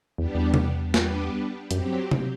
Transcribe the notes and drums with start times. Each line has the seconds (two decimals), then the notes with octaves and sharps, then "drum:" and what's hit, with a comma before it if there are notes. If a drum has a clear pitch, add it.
0.18 E2 G3 B3 D4 G4
0.35 E2
0.54 drum: tom C3
0.94 G3 B3 D4 G4 B4, drum: snare
1.71 F#2 F#3 C4 G4, drum: hi-hat
2.11 drum: tom C3